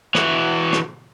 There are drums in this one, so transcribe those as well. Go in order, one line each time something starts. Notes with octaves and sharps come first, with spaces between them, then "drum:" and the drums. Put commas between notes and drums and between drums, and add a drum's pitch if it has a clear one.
E3 F#4, drum: rim click
drum: rim click